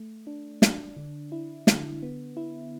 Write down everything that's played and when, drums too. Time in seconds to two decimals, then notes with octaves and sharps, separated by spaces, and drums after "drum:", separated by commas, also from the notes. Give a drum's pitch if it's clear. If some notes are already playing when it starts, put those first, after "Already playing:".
Already playing: A3
0.27 D4
0.62 D4, drum: snare
0.97 D3
1.32 E4
1.67 D3, drum: snare
2.02 B3
2.37 E4